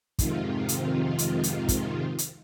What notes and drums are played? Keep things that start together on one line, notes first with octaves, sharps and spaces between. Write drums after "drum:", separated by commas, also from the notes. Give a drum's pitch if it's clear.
F2 G#2 C3 D#3 F4, drum: kick, hi-hat
drum: hi-hat
drum: hi-hat
drum: hi-hat
drum: kick, hi-hat
drum: hi-hat